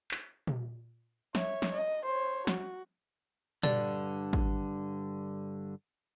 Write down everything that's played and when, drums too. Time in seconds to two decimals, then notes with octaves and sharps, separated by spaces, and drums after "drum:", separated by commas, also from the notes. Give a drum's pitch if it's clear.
0.11 drum: clap
0.47 drum: tom A#2
1.35 C#5 E5, drum: snare
1.62 drum: snare
1.73 D#5
2.05 C5 C#5
2.47 F#4, drum: snare
3.63 G2 D3 D5, drum: tom A#2
4.33 drum: kick